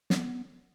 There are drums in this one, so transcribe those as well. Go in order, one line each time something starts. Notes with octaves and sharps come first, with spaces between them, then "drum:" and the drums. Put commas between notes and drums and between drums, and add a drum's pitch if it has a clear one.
B3, drum: snare